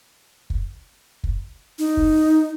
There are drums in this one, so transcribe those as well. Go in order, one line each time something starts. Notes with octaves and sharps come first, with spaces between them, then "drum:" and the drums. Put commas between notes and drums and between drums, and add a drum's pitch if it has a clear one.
drum: kick
drum: kick
D#4
drum: kick